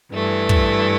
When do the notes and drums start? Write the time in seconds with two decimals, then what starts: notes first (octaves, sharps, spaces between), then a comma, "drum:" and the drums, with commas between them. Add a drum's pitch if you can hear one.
0.12 G2 E3 A3
0.49 drum: kick